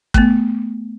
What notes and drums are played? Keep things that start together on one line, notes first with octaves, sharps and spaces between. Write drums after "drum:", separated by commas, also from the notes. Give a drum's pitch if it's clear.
A3 B3, drum: kick